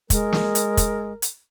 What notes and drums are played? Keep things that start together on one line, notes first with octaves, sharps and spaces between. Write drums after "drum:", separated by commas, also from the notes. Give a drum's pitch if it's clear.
G#3 A#4, drum: kick, hi-hat
drum: snare
drum: hi-hat
drum: kick, hi-hat
drum: hi-hat